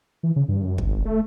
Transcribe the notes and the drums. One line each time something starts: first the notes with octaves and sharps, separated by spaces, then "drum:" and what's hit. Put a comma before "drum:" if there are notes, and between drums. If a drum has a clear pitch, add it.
E3
C#3
G2
F#2
G#1, drum: kick
A3